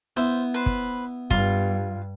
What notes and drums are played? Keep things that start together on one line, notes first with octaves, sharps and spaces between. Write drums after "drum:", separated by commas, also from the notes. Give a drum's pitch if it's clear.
B3 E4 C5, drum: hi-hat
B4 C5
drum: kick
G2 F4, drum: kick